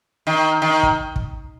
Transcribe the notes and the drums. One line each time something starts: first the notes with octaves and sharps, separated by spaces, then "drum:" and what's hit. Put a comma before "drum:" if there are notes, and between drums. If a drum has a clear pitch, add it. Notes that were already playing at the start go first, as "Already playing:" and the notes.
D#3
D#3
drum: kick
drum: kick